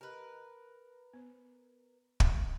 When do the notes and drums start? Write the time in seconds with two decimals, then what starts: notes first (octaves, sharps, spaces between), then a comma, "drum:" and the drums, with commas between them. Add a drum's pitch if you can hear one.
0.01 G4 A#4 B4 D#5
1.13 B3 C5
2.20 drum: kick